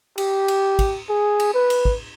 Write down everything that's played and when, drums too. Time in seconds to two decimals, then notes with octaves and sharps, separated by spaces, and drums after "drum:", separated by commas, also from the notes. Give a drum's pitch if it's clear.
0.18 G4, drum: cymbal
0.48 drum: cymbal
0.79 drum: kick, cymbal
1.09 G#4
1.40 drum: cymbal
1.54 B4
1.70 drum: cymbal
1.85 drum: kick